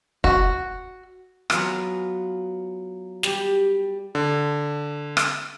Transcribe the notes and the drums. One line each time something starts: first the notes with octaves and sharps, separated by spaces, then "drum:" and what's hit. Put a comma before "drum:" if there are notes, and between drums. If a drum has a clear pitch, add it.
F#4, drum: kick
F#3 B3 F4 G#4, drum: rim click
G3 G4, drum: snare
D3
drum: rim click